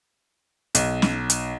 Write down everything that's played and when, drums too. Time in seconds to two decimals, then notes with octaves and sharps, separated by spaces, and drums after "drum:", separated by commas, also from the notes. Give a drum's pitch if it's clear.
0.75 B1, drum: hi-hat
1.02 drum: snare
1.30 drum: hi-hat